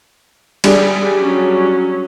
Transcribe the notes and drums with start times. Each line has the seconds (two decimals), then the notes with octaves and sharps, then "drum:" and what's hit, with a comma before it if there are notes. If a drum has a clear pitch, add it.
0.64 G3 D4 G#4, drum: cymbal
1.18 F#3 C#4